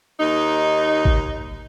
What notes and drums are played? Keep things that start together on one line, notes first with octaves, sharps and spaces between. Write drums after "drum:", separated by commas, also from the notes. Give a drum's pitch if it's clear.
D#2 D#4
drum: kick